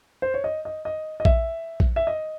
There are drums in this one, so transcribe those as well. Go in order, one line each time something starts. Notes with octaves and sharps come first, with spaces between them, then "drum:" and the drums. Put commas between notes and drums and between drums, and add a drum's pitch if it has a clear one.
C5
C#5
D#5
D#5
D#5
D#5
E5, drum: kick A#1
drum: kick A#1
E5
D#5